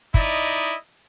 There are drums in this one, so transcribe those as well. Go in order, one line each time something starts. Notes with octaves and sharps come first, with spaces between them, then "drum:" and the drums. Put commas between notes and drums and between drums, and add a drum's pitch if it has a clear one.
D#4 E4 D5 D#5, drum: kick